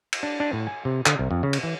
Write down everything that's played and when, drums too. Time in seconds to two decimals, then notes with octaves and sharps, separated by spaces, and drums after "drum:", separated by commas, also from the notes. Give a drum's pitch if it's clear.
0.13 drum: cymbal
0.23 D4
0.40 D4
0.53 A2
0.67 G#5
0.85 C3
1.06 D3, drum: clap
1.19 C2
1.31 F2
1.43 C#3
1.53 drum: cymbal
1.63 E3